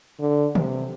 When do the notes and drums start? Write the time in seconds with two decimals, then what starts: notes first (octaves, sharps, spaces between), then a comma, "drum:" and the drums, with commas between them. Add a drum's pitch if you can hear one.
0.20 D3
0.55 C3, drum: tom